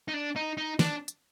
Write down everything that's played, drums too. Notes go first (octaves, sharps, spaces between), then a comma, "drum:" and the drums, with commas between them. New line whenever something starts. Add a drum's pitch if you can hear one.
D#4
D4
D#4
D#4
D4, drum: snare
drum: hi-hat